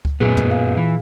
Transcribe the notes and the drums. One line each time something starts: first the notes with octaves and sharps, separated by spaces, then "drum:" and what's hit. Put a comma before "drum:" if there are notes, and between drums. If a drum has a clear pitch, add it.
drum: kick C#2
F#2 A#2 F#3 B3 G#4
drum: tom F2
F5
E3